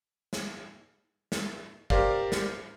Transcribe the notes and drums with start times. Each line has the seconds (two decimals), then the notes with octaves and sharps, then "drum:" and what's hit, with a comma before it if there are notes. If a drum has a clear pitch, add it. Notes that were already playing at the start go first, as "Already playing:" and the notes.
0.33 drum: snare
1.32 drum: snare
1.90 G4 A#4 C5 D5 F5, drum: kick
2.32 drum: snare